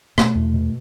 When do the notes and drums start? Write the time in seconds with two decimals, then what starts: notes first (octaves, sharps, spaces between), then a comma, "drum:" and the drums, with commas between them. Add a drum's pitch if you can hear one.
0.18 B2 A3, drum: rim click
0.35 E2
0.54 B2